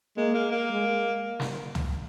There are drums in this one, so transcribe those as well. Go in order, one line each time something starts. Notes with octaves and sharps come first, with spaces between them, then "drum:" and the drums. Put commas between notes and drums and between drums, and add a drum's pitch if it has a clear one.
G#3 A#3
A#3
A#3
G#3
drum: snare
drum: tom